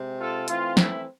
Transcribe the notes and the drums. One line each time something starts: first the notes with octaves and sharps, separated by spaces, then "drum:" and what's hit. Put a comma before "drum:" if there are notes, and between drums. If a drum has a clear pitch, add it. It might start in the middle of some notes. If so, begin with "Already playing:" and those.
Already playing: C3 G#3 C4
F4 A4
E3 A3 C4 F4, drum: hi-hat
E4, drum: snare